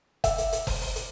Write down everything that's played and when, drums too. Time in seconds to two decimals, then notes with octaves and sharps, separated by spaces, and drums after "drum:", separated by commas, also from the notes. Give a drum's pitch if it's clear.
0.24 E5, drum: kick F#1, hi-hat
0.38 drum: hi-hat
0.53 drum: hi-hat
0.67 drum: kick F#1, open hi-hat
0.81 drum: open hi-hat
0.96 drum: hi-hat